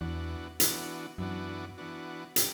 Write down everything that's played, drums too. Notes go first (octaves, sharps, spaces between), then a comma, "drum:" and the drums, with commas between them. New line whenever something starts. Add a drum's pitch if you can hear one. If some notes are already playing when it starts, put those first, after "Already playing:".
E2 E3 B3 D4 F#4
E3 B3 D4 F#4, drum: hi-hat
F#2 E3 B3 D4 F#4
E3 B3 D4 F#4
G3 D4, drum: hi-hat